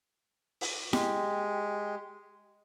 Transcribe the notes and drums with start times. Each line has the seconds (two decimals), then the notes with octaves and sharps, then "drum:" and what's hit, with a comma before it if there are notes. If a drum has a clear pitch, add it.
0.61 drum: open hi-hat
0.93 G#3 G4, drum: snare E4